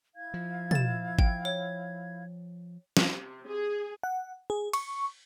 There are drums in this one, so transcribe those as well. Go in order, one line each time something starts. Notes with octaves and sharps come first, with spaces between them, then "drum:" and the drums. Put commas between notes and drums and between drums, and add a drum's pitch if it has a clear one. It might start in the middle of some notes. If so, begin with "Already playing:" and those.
E4 F5 G#6
F3
A6 E7, drum: tom
G5, drum: kick G#1
C#5
drum: snare
C3
G#4
F#5
G#4
C#6, drum: cymbal